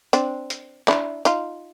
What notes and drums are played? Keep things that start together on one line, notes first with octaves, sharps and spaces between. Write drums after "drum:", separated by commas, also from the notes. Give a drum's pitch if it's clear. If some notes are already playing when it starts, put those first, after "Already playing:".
C4 D4, drum: hi-hat
drum: hi-hat
D4 E4, drum: clap
D#4 F4, drum: hi-hat